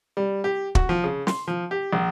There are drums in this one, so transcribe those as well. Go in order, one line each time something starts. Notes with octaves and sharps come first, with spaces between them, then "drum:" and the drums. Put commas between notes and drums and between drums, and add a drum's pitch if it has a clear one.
G3
G4
F#4, drum: kick
F3
C#3
C6, drum: snare
F3
G4
A#1